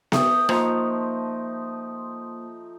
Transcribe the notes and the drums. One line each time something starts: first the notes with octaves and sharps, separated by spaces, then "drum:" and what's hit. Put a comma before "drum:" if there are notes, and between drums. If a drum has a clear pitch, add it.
A3 G5 D#6, drum: snare B3
F3 A#3 D#4 C5 C6, drum: rim click